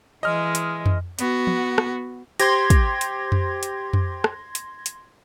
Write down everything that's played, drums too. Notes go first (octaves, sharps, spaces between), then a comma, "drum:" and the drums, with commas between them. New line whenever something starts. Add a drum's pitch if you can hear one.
E3 G#3 D#5 F6
drum: hi-hat
drum: tom F2
B3 F#4, drum: hi-hat
drum: tom
drum: rim click
G4 C5 C6 G#6 A#6, drum: hi-hat
drum: kick, hi-hat
drum: hi-hat
drum: tom F2
drum: hi-hat
drum: tom F2
drum: rim click
drum: hi-hat
drum: hi-hat